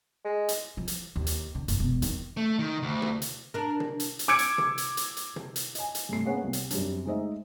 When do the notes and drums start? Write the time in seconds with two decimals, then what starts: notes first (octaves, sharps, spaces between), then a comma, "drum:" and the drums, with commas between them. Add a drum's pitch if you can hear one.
0.25 G#3
0.49 drum: hi-hat
0.77 F3
0.88 drum: hi-hat
1.16 D#2
1.27 drum: hi-hat
1.55 D3
1.68 F#1, drum: hi-hat
1.80 E1
2.02 D#3, drum: hi-hat
2.37 A3
2.59 D#3
2.83 D2
3.02 drum: tom
3.22 drum: hi-hat
3.54 D4 A#4
3.80 drum: tom
4.00 drum: hi-hat
4.19 drum: hi-hat
4.28 D6 E6 G#6 C#7 D7
4.39 drum: hi-hat
4.58 drum: tom
4.78 drum: hi-hat
4.97 drum: hi-hat
5.17 drum: hi-hat
5.36 drum: tom
5.56 drum: hi-hat
5.75 D#5 G#5, drum: hi-hat
5.95 drum: hi-hat
6.09 G2 C3 A3 C7
6.25 A#3 B3 C#4 G#4 C#5 F#5
6.44 C2
6.53 drum: hi-hat
6.71 F#2 G3 C4 D4, drum: hi-hat
7.05 G#3 A3 D#4 C5 D#5 E5